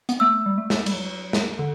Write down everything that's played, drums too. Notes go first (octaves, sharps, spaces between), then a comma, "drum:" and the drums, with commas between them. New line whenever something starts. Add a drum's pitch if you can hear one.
B3, drum: hi-hat
A3 E6
G3
A3
drum: snare
G3, drum: cymbal
F#3
drum: snare
D3